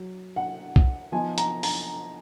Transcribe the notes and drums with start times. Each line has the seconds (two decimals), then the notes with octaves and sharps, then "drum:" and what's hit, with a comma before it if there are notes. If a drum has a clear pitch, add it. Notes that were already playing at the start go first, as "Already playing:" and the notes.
Already playing: F#3
0.36 F#5
0.76 drum: kick
1.12 F3 B3 D#4 G#5
1.38 A#5, drum: hi-hat
1.63 A#5, drum: open hi-hat